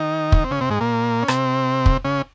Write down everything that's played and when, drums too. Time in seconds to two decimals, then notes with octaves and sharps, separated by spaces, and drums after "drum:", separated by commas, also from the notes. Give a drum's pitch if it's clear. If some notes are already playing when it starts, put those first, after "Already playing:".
Already playing: D#3 D#4
0.32 drum: kick
0.44 C4
0.51 C#3 C#4
0.61 C3 C4
0.70 G#2 G#3
0.80 A#2 A#3
1.23 C#4
1.28 C3 C4, drum: rim click
1.86 drum: kick
2.05 C#3 C#4